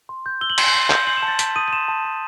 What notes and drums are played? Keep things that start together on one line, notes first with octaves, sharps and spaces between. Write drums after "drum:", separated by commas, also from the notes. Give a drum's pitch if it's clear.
C6
G6
E6 G7
F#7
C6 E7, drum: cymbal
F#7
C6
G6, drum: clap
C6 F#7
E7
A5
A6
A5 B6, drum: hi-hat
D#6 D#7
D#7
C6 E7
A5
A5